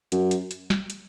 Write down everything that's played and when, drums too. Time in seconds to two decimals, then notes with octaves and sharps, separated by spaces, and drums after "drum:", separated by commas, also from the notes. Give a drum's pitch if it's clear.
0.12 F#2, drum: hi-hat
0.31 drum: hi-hat
0.51 drum: hi-hat
0.70 drum: snare
0.90 drum: hi-hat